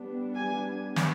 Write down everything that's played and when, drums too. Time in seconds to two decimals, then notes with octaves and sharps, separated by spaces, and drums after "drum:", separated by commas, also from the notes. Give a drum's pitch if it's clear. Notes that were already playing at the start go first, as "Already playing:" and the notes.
Already playing: G3 B3 D4
0.36 G#5
0.96 drum: snare